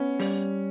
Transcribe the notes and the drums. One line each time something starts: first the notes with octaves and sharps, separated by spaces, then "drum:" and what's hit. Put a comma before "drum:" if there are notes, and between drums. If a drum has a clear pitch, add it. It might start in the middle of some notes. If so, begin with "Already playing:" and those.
Already playing: B3 C#4
G3, drum: open hi-hat